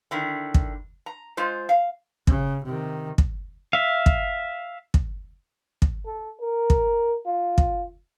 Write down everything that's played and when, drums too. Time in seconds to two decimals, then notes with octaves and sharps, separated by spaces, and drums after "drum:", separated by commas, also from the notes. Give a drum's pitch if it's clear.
0.11 D3 D#3 E4
0.54 drum: kick
1.06 A#5
1.37 G#3 F4 C5
1.69 F5
2.27 C#3, drum: kick
2.65 C3 D#3
3.18 drum: kick
3.73 E5 F5
4.06 drum: kick
4.94 drum: kick
5.82 drum: kick
6.06 A4
6.40 A#4
6.70 drum: kick
7.26 F4
7.58 drum: kick